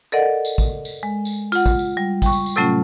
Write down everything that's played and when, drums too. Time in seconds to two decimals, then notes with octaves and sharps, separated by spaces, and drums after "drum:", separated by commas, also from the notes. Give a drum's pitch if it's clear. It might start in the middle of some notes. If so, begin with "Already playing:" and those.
0.12 A4 A#4 D5 D#5 F#5
0.45 drum: tambourine
0.58 drum: kick, tambourine
0.85 drum: tambourine
1.03 G#3
1.25 drum: tambourine
1.52 F4 F#5, drum: tambourine
1.66 drum: kick, tambourine
1.79 drum: tambourine
1.97 G3
2.22 G5 C#6, drum: kick, tambourine
2.33 drum: tambourine
2.46 drum: tambourine
2.56 A2 C3 F#3 A3 C#4 F4